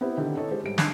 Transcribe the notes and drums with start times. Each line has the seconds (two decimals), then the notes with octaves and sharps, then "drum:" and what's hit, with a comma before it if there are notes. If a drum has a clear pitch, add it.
0.01 B3 C4 E4 G4 C5
0.17 D3 D#3 G4
0.37 E4 A4 C#5 D#5
0.51 G#3 G4 C5
0.64 G#2 G3 D7
0.78 D4 D#4 A5 F#6 C7, drum: snare